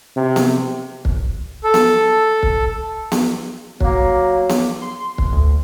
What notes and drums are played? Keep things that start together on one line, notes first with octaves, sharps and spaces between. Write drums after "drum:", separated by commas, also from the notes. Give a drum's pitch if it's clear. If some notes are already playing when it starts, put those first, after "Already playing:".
C3
drum: snare B3
drum: kick
A4
drum: snare B3
drum: kick
drum: snare B3
F#3 A#3, drum: kick
drum: snare B3
C6
drum: kick
D2